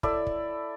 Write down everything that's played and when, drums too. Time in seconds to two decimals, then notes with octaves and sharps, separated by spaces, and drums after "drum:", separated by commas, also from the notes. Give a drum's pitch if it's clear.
0.03 E4 A4 D5, drum: kick
0.27 drum: kick